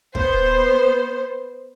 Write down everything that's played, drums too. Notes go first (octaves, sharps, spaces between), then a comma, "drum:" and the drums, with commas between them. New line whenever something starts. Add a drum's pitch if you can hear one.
B3 C5, drum: kick